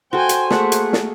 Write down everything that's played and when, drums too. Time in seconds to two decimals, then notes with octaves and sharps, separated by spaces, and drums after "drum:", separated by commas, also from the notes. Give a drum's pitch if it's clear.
0.13 F#4 A4 C5 G5 G#5
0.29 drum: hi-hat
0.50 A3 A#3 G#4 F#5, drum: snare
0.72 drum: hi-hat
0.93 drum: snare